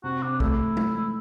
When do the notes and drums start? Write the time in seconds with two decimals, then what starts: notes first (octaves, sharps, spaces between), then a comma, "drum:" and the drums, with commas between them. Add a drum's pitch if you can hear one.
0.04 C3 F#4
0.22 C3 D4
0.40 A3 E4, drum: kick
0.77 drum: tom G#3